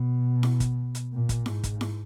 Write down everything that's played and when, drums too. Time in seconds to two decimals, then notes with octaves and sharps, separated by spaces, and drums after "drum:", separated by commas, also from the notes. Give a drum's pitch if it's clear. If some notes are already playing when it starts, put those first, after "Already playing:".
Already playing: B2
0.43 drum: snare E4
0.60 drum: kick, hi-hat
0.95 drum: hi-hat
1.12 A#2
1.29 drum: kick, hi-hat
1.46 G#2, drum: snare E4
1.64 drum: kick, hi-hat
1.81 drum: snare E4